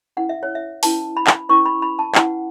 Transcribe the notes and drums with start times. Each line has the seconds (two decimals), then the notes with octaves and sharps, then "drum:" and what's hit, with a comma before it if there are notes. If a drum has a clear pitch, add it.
0.17 C#4 E4 B4 F#5
0.29 E5
0.43 C#5
0.55 E5
0.83 C#4 E4 B4 A5, drum: open hi-hat
1.17 B5
1.27 drum: clap
1.49 C#4 E4 B4 C#6
1.65 B5
1.82 B5
1.99 A5
2.15 C#4 E4 B4 F#5, drum: clap